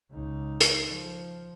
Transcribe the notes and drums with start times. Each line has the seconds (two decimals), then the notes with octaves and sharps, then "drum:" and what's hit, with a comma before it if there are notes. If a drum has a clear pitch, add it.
0.11 C#2 D#4
0.60 drum: hi-hat
0.88 F3